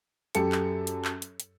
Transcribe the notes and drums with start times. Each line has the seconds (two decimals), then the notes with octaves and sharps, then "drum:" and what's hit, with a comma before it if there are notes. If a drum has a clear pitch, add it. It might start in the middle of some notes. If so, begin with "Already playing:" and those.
0.35 F#2 G4 A4 C#7, drum: hi-hat
0.52 drum: clap
0.87 drum: hi-hat
1.05 drum: clap
1.22 drum: hi-hat
1.40 drum: hi-hat